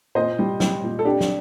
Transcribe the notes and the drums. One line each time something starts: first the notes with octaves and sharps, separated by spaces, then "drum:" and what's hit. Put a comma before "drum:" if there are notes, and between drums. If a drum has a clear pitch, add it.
A#2 C5 D#5
G3
G3, drum: snare
A#2
A4
D4 G4
drum: snare